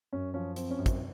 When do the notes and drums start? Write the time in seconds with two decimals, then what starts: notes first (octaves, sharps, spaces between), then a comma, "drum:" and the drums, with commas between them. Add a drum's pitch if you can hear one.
0.13 F#2 C#4
0.34 F3 C#4
0.56 C4, drum: hi-hat
0.71 C#4
0.79 F#2
0.86 C4, drum: kick, hi-hat